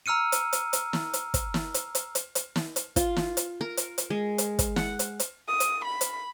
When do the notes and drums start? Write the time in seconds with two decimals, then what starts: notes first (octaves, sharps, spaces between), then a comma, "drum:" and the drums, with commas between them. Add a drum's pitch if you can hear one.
0.06 A#5 E6 F6 C#7 D#7
0.32 drum: hi-hat
0.53 drum: hi-hat
0.73 drum: hi-hat
0.93 drum: snare
1.13 drum: hi-hat
1.34 drum: kick, hi-hat
1.54 drum: snare
1.74 drum: hi-hat
1.95 drum: hi-hat
2.15 drum: hi-hat
2.35 drum: hi-hat
2.56 drum: snare
2.76 drum: hi-hat
2.96 F4, drum: kick, hi-hat
3.16 drum: snare
3.37 drum: hi-hat
3.61 A#4
3.77 drum: hi-hat
3.98 drum: hi-hat
4.10 G#3
4.38 drum: hi-hat
4.59 drum: kick, hi-hat
4.76 F#5, drum: snare
4.99 drum: hi-hat
5.20 drum: hi-hat
5.48 D#6
5.60 drum: hi-hat
5.85 B5
6.01 drum: hi-hat